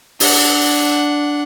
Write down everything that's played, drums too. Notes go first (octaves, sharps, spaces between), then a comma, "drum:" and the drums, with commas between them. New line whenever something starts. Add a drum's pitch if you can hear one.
D4 F#5, drum: open hi-hat